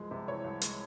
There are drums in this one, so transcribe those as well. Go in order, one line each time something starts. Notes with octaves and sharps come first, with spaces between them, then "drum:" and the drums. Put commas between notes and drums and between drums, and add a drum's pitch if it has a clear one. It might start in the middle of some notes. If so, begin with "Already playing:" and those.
Already playing: C2 F3 G#3
C3
E3 C#5
C2
G#3, drum: hi-hat